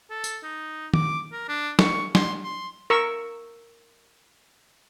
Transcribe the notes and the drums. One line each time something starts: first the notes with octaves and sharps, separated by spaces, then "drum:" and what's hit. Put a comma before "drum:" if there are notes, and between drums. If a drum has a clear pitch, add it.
A4
drum: tambourine
D#4
D6, drum: tom
A#4
D4
C#6, drum: snare
C6, drum: snare
C6
A#4 C#6 E6